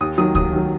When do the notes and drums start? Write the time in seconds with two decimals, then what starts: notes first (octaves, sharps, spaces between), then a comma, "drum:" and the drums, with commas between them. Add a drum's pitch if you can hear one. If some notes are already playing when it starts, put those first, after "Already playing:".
0.01 D#2 D#6
0.18 D#3 F#3 D#6
0.35 D#2 D#6, drum: kick C#2
0.53 D#3 F#3